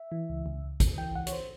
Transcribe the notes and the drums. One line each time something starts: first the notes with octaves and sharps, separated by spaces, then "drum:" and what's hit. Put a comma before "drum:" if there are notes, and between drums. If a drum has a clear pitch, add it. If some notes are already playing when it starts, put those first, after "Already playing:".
Already playing: E5
E3
C#2
C#2
C#2
C#2, drum: kick G#1, hi-hat
E3 G5
C#2 F#5
C#5, drum: hi-hat
C5